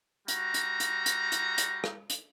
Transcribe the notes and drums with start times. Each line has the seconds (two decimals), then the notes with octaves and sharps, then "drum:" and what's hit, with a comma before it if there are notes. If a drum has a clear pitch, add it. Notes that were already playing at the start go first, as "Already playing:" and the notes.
0.28 G3 F#4 A#5, drum: hi-hat
0.54 drum: hi-hat
0.80 drum: hi-hat
1.06 drum: hi-hat
1.32 drum: hi-hat
1.58 drum: hi-hat
1.84 drum: rim click
2.10 drum: hi-hat